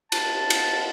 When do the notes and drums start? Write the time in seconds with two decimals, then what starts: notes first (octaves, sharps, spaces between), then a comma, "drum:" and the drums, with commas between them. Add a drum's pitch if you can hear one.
0.12 A5, drum: cymbal
0.50 drum: cymbal